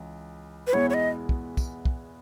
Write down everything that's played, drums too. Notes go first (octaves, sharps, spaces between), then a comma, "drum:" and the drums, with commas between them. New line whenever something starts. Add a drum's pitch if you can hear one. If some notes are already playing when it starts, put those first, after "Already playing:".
Already playing: C#2 E3
B4
E2 B2 G#3 B3 E4 C#5
C#5
D#5
drum: kick
drum: kick, tambourine
drum: kick